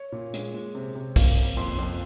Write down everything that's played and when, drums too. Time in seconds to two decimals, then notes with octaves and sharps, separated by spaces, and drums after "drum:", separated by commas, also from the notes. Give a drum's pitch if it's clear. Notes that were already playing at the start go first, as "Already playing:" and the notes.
Already playing: C#5
0.12 A#2
0.34 G#3, drum: hi-hat
0.54 G#3
0.75 C3
0.95 C3
1.16 A#3, drum: kick B1, open hi-hat
1.37 C3
1.57 F2 C6
1.78 F2